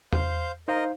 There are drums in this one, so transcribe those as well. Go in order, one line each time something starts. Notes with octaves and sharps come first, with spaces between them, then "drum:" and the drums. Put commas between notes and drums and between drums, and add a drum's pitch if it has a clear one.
C5 F5 G6, drum: tom E2
D#4 A#4 C5 D#5 F5